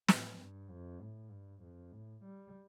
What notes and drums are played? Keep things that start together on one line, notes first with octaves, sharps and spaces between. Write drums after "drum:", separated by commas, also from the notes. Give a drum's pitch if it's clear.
A2, drum: snare
G2
F2
A2
G2
F2
A2
G3